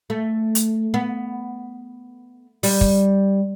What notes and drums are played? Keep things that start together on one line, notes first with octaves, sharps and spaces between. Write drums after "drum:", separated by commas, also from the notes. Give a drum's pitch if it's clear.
A3
drum: hi-hat
B3
G3, drum: open hi-hat
drum: kick